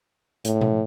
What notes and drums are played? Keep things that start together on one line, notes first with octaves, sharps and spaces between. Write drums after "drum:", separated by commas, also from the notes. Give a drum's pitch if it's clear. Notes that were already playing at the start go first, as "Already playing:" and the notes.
A2, drum: hi-hat
drum: tom B2